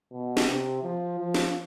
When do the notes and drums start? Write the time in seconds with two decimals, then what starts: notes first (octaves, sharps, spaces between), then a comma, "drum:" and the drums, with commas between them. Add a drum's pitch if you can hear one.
0.12 B2
0.37 drum: snare
0.47 C3
0.83 F3
1.19 F3
1.34 drum: snare